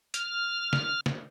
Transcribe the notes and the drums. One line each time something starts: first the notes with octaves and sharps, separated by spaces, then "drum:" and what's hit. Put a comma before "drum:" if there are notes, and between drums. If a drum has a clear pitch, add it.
F6, drum: hi-hat
drum: snare
drum: snare